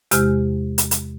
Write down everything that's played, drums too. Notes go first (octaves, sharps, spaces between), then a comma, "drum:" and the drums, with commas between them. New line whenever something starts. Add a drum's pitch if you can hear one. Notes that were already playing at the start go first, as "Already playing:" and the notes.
E2 C3 G#3 G4 F6, drum: hi-hat
drum: hi-hat
drum: hi-hat